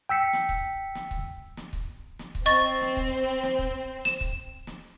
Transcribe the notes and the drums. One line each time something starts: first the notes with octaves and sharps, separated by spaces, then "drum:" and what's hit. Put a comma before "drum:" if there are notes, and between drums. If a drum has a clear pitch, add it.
G5 E6 B6 C#7
drum: snare
drum: kick C#1
drum: snare
drum: kick C#1
drum: snare
drum: kick C#1
drum: snare
drum: kick C#1
C4 D#5 C#6 A6
drum: snare
drum: kick C#1
drum: snare
drum: kick C#1
E7, drum: snare
drum: kick C#1
drum: snare